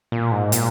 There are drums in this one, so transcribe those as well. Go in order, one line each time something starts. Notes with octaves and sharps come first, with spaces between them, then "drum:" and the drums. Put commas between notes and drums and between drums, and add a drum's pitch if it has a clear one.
A#2
G#2
A#2, drum: hi-hat